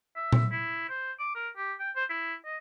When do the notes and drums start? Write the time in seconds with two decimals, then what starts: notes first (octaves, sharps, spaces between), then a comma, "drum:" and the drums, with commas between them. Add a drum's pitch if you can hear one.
0.16 E5
0.33 drum: tom A#2
0.52 E4
0.89 C5
1.19 D6
1.35 A#4
1.57 G4
1.80 G5
1.96 C5
2.10 E4
2.45 D#5